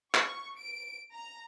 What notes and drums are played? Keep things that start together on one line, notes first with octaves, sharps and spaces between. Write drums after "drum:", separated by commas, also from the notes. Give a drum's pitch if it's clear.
C#6, drum: clap
D7
A#5